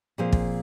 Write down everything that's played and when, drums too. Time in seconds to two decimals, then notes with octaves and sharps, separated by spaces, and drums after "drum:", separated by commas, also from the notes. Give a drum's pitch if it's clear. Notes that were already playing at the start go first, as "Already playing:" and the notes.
0.18 A#2 F3 C4 G#4 C5
0.33 drum: kick